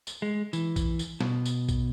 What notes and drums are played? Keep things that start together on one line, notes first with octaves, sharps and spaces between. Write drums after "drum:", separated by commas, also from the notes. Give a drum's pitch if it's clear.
drum: tambourine
G#3
E3, drum: tambourine
drum: kick A#1, tambourine
drum: tambourine
B2, drum: snare
drum: tambourine
drum: kick A#1, tambourine